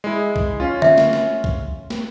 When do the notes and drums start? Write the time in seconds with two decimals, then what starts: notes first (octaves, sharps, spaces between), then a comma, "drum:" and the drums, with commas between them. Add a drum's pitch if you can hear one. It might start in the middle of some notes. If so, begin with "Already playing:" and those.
0.04 G#3 E4
0.36 drum: kick
0.60 C#4 F4
0.82 E5, drum: tom D3
0.98 drum: snare
1.13 drum: snare
1.44 drum: kick
1.90 drum: snare